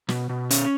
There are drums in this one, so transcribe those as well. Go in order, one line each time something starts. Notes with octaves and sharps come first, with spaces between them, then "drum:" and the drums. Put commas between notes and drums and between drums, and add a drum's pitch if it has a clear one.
B2, drum: snare
B2
C#4, drum: hi-hat